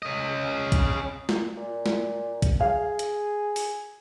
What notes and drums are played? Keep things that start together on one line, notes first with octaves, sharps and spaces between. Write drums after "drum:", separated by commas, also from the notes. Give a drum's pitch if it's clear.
C#4 D#5
drum: kick, hi-hat
drum: snare
A#2
drum: snare
drum: kick, hi-hat
G#4 F5
drum: hi-hat
drum: open hi-hat